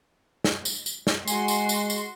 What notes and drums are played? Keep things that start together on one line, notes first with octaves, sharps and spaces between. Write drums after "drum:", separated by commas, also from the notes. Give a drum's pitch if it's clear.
drum: snare
drum: tambourine
drum: tambourine
drum: snare
G#3 F#4 G#5 C6, drum: tambourine
drum: tambourine
drum: tambourine
drum: tambourine